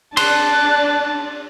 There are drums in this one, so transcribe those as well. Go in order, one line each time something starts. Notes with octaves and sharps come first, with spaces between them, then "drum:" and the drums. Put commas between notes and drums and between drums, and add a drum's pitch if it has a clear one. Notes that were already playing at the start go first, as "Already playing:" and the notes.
D4 A5 C6 F#6, drum: cymbal